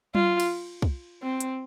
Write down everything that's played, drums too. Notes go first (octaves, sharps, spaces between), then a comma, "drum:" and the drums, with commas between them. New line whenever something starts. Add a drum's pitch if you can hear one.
F4, drum: tom F#3
drum: cymbal
drum: kick
C4
drum: hi-hat